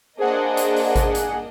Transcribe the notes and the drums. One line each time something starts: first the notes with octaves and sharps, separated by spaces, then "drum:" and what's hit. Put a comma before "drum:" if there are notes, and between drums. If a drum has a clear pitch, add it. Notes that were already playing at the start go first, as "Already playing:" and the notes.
A#3 D4 G#4 C5 D#5 F#5
drum: hi-hat
drum: open hi-hat
drum: kick G#1, hi-hat
G#5, drum: hi-hat